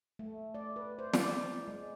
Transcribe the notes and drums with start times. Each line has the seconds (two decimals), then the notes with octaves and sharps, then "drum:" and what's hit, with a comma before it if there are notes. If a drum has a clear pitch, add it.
0.19 A3
0.55 D5
0.76 B4
0.99 C5
1.14 D5, drum: snare
1.68 G#3